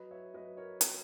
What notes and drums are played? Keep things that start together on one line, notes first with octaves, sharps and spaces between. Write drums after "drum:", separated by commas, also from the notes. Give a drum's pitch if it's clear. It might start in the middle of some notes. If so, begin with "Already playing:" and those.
Already playing: F#3 B4 D#5
C#5 E5
F#3 B4 D#5
A#4 C#5
drum: hi-hat